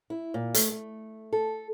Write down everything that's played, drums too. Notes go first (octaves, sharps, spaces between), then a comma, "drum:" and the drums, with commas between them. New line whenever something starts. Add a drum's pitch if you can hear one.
E4
A#2
A3, drum: hi-hat
A3
A4